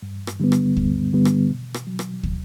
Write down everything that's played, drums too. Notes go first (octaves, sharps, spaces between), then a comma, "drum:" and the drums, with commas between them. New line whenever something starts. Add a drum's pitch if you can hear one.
G2
drum: rim click
D3 G3 B3
drum: rim click
G2, drum: kick
D3 G3 B3
drum: rim click
B2
drum: rim click
F#3
drum: rim click
drum: kick